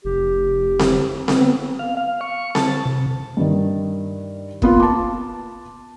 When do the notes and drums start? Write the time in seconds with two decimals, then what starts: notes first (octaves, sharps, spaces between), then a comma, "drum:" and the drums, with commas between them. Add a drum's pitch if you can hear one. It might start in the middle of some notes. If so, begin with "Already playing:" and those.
0.05 F1 G4
0.79 drum: snare C4
1.28 B3 C4, drum: snare C4
1.79 F5
1.97 F5
2.21 C#6
2.55 A5, drum: snare C4
2.86 C3
3.37 G2 D#3
4.62 A#3 B3 F4, drum: kick
4.80 A5 D6